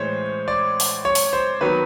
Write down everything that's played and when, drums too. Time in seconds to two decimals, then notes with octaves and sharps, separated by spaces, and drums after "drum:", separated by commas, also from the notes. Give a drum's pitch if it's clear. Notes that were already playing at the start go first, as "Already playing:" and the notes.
Already playing: A2 E3 G#3 C5 C#5
0.48 D5
0.80 drum: open hi-hat
1.05 C#5
1.15 drum: open hi-hat
1.33 C5
1.61 D#3 F#3 B3 B4